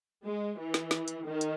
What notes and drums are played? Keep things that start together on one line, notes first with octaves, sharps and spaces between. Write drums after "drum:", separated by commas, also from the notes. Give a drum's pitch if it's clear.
G#3
E3
drum: snare
drum: snare
drum: hi-hat
D#3
drum: hi-hat